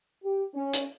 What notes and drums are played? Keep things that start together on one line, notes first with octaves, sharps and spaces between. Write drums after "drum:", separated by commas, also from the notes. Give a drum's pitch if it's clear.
G4
C#4
drum: hi-hat